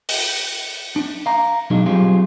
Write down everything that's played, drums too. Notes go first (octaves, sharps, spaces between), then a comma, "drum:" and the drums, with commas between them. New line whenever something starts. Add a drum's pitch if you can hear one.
drum: open hi-hat
D4
F5 A#5
B2 F#3 G#3 D4 D#4
F#3 G3 C4 F4 G4 G#4